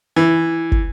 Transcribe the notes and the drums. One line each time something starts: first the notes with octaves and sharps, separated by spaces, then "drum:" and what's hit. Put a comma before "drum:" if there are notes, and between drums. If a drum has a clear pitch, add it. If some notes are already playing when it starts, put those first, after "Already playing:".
E3
drum: kick